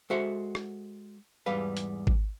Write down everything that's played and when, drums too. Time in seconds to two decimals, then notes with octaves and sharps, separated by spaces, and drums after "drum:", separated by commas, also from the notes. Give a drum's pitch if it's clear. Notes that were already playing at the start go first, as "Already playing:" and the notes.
0.10 G#3 F#4 A4 C5 E5 F#5
0.55 drum: rim click
1.46 E2 G#2 G3 B4 F5
1.77 drum: hi-hat
2.07 drum: kick G#1